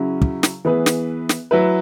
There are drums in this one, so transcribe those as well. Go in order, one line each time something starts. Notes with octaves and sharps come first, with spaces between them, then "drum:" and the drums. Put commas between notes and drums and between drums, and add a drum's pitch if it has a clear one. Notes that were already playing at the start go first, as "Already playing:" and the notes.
Already playing: C#3 F#3 C#4 E4
drum: kick
drum: snare
E3 B3 G#4 B4
drum: snare
drum: snare
F#3 E4 B4